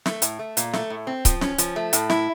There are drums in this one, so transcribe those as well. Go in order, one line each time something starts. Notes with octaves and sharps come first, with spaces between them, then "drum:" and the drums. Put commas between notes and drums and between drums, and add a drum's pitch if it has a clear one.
A3, drum: snare
A2, drum: hi-hat
A3
A#2, drum: hi-hat
A3, drum: snare
A2
C4
F3, drum: kick C#1, hi-hat
C#4, drum: snare
F3, drum: hi-hat
A3
A2, drum: hi-hat
E4, drum: snare